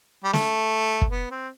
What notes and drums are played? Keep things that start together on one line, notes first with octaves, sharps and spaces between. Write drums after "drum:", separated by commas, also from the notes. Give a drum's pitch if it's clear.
G3
A3, drum: snare
drum: kick
B3
C4